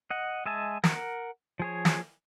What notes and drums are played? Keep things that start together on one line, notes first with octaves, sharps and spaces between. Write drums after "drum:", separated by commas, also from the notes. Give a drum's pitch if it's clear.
D#5 F#5
G#3 D#5 E5 G#5 A5
A#4 F#5, drum: snare
F3 G#4 C#5
drum: snare